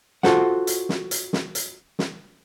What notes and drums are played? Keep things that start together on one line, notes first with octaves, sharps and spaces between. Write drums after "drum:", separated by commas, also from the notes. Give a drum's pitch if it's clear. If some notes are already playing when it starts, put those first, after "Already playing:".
F4 F#4 A4 C5 F#5, drum: snare
drum: hi-hat
drum: snare
drum: hi-hat
drum: snare
drum: hi-hat
drum: snare